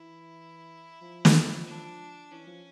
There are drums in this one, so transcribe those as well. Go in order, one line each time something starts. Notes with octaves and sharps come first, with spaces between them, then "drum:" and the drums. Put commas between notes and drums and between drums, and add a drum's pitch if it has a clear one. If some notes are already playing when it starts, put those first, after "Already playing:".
Already playing: E3 E4
F3
drum: snare
D4
E3 C#4
F3